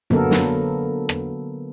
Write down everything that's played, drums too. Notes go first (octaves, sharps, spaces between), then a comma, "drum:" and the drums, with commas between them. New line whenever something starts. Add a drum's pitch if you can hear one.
D3 F#3 A#3 B3 A4 A#4, drum: tom F#2
drum: snare
drum: rim click